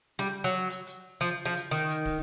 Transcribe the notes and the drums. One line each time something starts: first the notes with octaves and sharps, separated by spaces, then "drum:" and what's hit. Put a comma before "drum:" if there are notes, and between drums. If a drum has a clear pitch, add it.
G3, drum: hi-hat
F#3
drum: hi-hat
drum: hi-hat
F3, drum: hi-hat
F3
drum: hi-hat
D#3, drum: open hi-hat
drum: hi-hat
drum: kick, open hi-hat